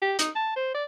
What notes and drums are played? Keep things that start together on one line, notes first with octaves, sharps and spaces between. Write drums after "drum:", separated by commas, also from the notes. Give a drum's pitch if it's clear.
G4
D#4, drum: hi-hat
A5
C5
D5